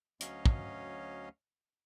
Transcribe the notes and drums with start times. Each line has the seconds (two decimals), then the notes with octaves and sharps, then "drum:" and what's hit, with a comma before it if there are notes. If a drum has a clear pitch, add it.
0.21 D2 F#3 C#4 C#5 D#5 F5, drum: hi-hat
0.45 drum: kick